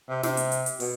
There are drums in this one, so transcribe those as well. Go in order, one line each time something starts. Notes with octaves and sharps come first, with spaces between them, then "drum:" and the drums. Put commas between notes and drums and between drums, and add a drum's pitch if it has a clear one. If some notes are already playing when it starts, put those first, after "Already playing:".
C3
C3, drum: snare
drum: hi-hat
drum: hi-hat
drum: hi-hat
B2, drum: open hi-hat